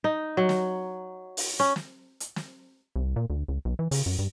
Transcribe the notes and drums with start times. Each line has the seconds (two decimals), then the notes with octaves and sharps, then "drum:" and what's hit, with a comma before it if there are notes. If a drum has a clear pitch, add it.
0.04 D#4
0.37 F#3
0.49 drum: snare
1.37 drum: open hi-hat
1.60 C#4
1.76 drum: snare
2.20 drum: hi-hat
2.36 drum: snare
2.96 C2
3.16 A#2
3.30 D2
3.48 C#2
3.65 B1
3.79 E3
3.91 C#3, drum: open hi-hat
4.06 F#2
4.19 G2